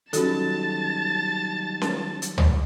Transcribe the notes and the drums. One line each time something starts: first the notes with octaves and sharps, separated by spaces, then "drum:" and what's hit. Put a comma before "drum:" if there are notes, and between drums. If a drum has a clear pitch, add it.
D#3 F#3 G3 C#4 F#4 A4 A5 A6, drum: hi-hat
drum: snare C#4
drum: hi-hat
drum: tom D2